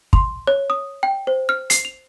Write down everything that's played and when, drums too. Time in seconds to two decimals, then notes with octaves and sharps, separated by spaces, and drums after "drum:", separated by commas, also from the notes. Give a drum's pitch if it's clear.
0.13 C6, drum: kick
0.47 C#5
0.70 D#6
1.03 G5
1.27 C5
1.49 F6
1.70 C7, drum: hi-hat
1.85 F7